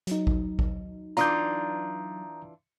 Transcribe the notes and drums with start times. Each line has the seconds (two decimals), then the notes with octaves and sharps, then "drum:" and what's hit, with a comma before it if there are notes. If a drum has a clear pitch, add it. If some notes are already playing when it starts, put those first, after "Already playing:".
0.07 F#3 D#4, drum: hi-hat
0.27 drum: kick A1
0.59 drum: kick A1
1.17 E3 D4 F4 A#5 D#6 G6, drum: hi-hat